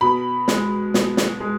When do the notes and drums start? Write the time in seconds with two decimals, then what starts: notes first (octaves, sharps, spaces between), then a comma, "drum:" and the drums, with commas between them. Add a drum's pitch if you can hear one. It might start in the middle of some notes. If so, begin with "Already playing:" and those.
0.01 B2 B5
0.48 G#3, drum: snare
0.94 B2, drum: snare
1.17 drum: snare
1.40 G#3